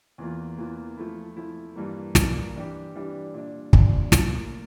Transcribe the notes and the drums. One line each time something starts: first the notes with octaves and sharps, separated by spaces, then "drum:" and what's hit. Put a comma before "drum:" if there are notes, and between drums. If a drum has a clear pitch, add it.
E2 E3 A#3 F4
E2 E3 A#3 F4
F3 A3 E4
F3 A3 E4
G2 E3 G3 A#3
G2 E3 G3 A#3, drum: snare
E3 G3 D4 G4
E3 G3 D4 G4
A#2 G3 D4
A#2 G3 D4, drum: kick
A2 F3 A#3 F4, drum: snare